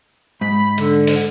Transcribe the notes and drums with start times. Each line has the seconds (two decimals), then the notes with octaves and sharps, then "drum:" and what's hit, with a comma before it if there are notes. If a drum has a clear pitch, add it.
0.41 G#2 B5
0.78 D3, drum: hi-hat
1.07 drum: open hi-hat